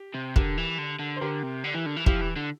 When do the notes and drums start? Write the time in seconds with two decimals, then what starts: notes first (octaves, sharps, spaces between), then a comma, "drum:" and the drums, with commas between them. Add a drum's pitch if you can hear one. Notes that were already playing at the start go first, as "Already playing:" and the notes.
Already playing: G4
0.15 C3
0.36 D3 G4 A#4, drum: kick
0.58 E3
0.78 D3
0.99 D3
1.16 C5
1.21 D3 G4 A#4
1.43 C3
1.64 D3
1.74 E3
1.86 D3
1.97 E3
2.06 F3 E4 G4, drum: kick
2.21 E3
2.36 D3